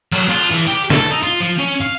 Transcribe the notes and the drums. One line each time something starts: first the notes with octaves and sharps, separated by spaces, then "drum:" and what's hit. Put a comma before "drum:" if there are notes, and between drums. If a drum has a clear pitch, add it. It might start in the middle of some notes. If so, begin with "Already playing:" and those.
F#3, drum: cymbal
F4
E3
G4, drum: hi-hat
A4, drum: snare
D#4
F4
F3
C#4
F5